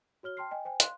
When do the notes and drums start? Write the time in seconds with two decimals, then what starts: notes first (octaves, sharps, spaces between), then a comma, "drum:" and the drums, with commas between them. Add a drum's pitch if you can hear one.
0.23 F#4 C#5 F6 G7
0.37 G5 A5 C6 F6 C7
0.51 D#5 G5 G#5
0.65 C5 G5 G#5
0.80 F5 C6 F#6, drum: hi-hat